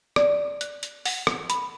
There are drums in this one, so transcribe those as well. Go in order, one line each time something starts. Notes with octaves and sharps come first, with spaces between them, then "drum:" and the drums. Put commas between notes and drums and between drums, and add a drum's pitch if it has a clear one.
D5, drum: rim click
F#6, drum: hi-hat
drum: hi-hat
F#5, drum: open hi-hat
drum: rim click
B5, drum: hi-hat